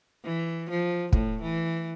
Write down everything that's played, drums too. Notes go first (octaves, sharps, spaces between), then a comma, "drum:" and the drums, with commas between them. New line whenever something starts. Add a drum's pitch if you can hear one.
E3
F3
A2, drum: kick
E3